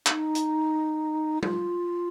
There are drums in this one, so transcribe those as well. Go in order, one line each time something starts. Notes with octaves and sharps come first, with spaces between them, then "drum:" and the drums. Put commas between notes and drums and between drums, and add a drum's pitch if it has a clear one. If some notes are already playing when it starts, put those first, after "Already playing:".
D#4, drum: clap
drum: hi-hat
F4, drum: tom